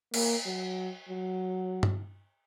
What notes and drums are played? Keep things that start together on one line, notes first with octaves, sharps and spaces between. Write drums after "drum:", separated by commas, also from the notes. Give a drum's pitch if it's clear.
A#3, drum: cymbal
F#3
F#3
drum: tom G2